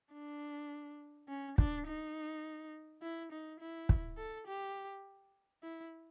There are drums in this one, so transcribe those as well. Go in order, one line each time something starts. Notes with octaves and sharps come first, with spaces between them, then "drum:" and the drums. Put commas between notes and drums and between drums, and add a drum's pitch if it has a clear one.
D4
C#4
D4, drum: kick
D#4
E4
D#4
E4
drum: kick
A4
G4
E4